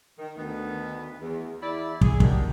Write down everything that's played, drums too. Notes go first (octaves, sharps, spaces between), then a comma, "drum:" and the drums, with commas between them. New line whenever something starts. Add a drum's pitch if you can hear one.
D#3
D2 D#3 B3
E2
E2 E4 D5
G#4, drum: kick
F#3 G3 D4 D#4 G4 A#4, drum: kick